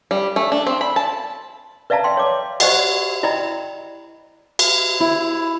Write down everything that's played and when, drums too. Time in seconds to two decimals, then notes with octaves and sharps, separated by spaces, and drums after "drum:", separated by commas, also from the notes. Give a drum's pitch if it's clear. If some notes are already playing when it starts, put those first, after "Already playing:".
0.11 G3
0.36 A3
0.52 D4
0.67 C4
0.81 B5
0.96 A5
1.90 B4 D5 E5 F5 A5 A#5
2.04 F5 G5 C6
2.17 C#5 D6
2.60 G4 C5 D5 D#5 F#5 G#5, drum: cymbal
3.23 E4 D5 D#5 G5 A#5 B5
4.59 drum: cymbal
5.00 E4